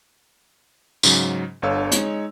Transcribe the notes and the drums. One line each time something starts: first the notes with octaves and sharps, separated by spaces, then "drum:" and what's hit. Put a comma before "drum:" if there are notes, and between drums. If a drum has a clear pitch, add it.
G#2 C#3 F#3, drum: tambourine
G1 D3 C#5 F5 E6
G#3 D#4 C#5, drum: hi-hat